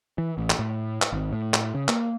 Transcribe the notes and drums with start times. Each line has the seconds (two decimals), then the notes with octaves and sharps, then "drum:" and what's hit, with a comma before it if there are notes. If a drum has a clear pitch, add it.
0.18 E3
0.38 A1
0.50 drum: clap
0.59 A2
1.02 drum: clap
1.12 G#1
1.33 A2
1.54 drum: clap
1.75 C#3
1.88 A#3, drum: clap